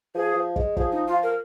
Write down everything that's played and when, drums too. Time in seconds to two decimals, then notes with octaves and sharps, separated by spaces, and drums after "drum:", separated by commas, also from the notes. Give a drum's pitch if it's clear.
0.15 F3 G#4
0.35 F3
0.56 G#3, drum: kick
0.77 F3 G#4, drum: kick
0.91 D#4
1.07 F4
1.23 A#4